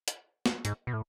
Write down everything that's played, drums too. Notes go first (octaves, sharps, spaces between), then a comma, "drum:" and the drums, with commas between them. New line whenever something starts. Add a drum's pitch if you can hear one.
drum: hi-hat
drum: snare
G#2, drum: hi-hat
B2
A2